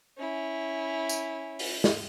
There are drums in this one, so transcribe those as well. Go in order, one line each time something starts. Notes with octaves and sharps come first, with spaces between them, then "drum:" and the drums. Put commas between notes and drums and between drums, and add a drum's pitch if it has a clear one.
C#4 E4
drum: tambourine
drum: open hi-hat
drum: snare